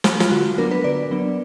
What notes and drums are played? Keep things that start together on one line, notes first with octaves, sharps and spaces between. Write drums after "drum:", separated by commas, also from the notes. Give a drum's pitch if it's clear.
drum: snare
F4, drum: snare
D3 F#4
F#3 B3 D4 A#4
B4
D3 D5
F#3 B3 D4